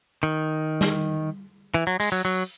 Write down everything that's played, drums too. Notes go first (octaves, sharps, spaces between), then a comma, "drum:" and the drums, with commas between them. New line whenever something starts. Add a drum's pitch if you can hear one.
D#3
drum: snare
E3
F#3
G#3, drum: open hi-hat
F#3
F#3